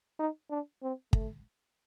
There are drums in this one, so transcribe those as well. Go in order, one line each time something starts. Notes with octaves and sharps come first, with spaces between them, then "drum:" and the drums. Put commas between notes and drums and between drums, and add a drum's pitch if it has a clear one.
D#4
D4
C4
A3, drum: kick